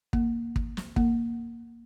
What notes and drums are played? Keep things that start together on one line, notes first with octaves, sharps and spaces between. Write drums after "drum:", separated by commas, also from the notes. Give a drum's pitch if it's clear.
A#3, drum: kick
drum: kick
drum: snare
A#3, drum: kick